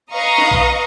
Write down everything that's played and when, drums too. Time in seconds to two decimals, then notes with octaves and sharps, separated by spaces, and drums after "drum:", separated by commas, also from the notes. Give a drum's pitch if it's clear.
0.12 B4 D#5 F5 A#5 C#6 D#6
0.38 drum: snare
0.51 drum: kick B1